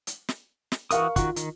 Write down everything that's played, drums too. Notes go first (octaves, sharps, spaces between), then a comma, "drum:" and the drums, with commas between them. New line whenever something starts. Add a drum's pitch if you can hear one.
drum: hi-hat
drum: snare
drum: snare
E3 F#4 A#4 F5 C#6 D#6, drum: hi-hat
D#3 F4 F#4, drum: kick, hi-hat
D#3, drum: hi-hat